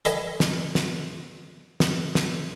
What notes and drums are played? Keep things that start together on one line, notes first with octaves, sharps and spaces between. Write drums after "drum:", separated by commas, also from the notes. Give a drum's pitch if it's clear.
A4 B4 D#5 E5 G#5, drum: hi-hat
drum: snare
drum: snare
drum: snare
drum: snare